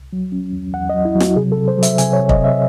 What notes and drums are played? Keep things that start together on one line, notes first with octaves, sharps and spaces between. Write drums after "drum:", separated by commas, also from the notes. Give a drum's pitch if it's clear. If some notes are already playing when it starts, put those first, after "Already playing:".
Already playing: C2
F#3
C#4
E2
E2 F#5
D#5
F#3
E4
F#3
F#4, drum: snare
C3 G#4
A4
C3
C5
F#3
E5, drum: hi-hat
C3 G#5, drum: hi-hat
C#5
C3
D#5, drum: kick
C3
E5